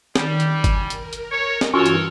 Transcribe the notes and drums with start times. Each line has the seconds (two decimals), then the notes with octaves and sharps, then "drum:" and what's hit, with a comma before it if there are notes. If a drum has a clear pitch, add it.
0.16 D#3 G3, drum: snare
0.40 drum: hi-hat
0.54 G#5
0.64 drum: kick G1, hi-hat
0.90 A#4, drum: hi-hat
1.13 drum: hi-hat
1.31 C#5
1.61 drum: snare
1.74 G2 E3 C#4 F4 F#4 A4 A#4 C#5
1.86 drum: hi-hat